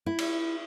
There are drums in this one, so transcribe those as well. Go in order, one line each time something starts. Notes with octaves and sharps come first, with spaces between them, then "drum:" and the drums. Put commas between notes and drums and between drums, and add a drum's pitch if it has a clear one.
E4
drum: cymbal